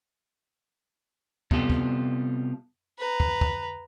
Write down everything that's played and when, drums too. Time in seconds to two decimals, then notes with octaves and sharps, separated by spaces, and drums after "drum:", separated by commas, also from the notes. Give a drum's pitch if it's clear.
1.51 C3 G3 B3 F4 G4 A4, drum: kick
1.70 drum: kick
2.98 B4 A#5
3.20 drum: kick
3.41 drum: kick